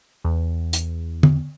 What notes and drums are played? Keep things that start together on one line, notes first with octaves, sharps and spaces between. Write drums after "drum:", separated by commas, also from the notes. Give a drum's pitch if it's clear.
E2
drum: hi-hat
drum: tom D3